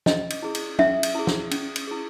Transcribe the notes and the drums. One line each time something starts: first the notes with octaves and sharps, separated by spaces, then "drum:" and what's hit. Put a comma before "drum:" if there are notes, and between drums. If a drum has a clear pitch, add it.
C#4 D#5, drum: snare
drum: cymbal
E4 G#4
drum: cymbal
C#4 E5, drum: tom
drum: cymbal
E4 G#4
drum: snare
C#4, drum: cymbal
drum: cymbal
E4 G#4